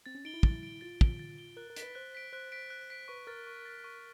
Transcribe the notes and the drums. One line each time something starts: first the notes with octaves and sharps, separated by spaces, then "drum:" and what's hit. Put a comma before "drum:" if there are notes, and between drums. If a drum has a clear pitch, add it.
C4 A6
C#4
D#4 D7 G7
E4
A6, drum: kick
D7 G7
F4 A6
D7 G7, drum: kick
A6
D7 G7
A#4 F#6
A#4
B6 D7, drum: hi-hat
B4
C5 F#6
B6 D7
C5 F#6
B6 D7
F#6
B6 D7
B4 C#6
A#4 F6 A6
C#6
F6 A6
C#6